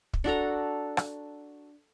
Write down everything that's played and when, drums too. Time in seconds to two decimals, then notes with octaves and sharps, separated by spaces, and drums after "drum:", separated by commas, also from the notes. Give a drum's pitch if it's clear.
0.13 drum: kick
0.24 D4 F#4 A4 A#5
0.97 drum: rim click